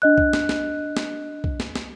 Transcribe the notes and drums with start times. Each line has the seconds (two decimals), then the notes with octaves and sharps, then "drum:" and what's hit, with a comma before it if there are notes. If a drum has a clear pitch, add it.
0.02 D4 D#5 F#6
0.18 drum: kick B1
0.33 drum: snare
0.49 drum: snare
0.97 drum: snare
1.44 drum: kick B1
1.60 drum: snare
1.75 drum: snare